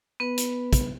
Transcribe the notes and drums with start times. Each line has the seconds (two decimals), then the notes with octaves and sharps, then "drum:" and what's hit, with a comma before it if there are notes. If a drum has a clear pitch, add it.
0.20 B3 B4
0.38 drum: hi-hat
0.73 drum: kick, hi-hat